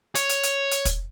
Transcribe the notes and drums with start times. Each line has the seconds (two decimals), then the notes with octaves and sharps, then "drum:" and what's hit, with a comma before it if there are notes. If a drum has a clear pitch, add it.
0.15 C#5, drum: hi-hat
0.29 drum: hi-hat
0.43 drum: hi-hat
0.71 drum: hi-hat
0.85 drum: kick, hi-hat